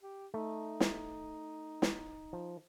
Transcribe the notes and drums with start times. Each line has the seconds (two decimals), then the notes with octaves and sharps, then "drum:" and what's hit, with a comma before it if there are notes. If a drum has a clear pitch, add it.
0.02 G4
0.34 A3 D#4
0.80 drum: snare
1.82 drum: snare
2.33 F3